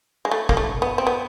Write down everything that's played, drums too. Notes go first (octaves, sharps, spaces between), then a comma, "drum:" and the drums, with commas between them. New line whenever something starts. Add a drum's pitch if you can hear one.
G#3
A3
A#3, drum: kick
A3
B3
C4
B3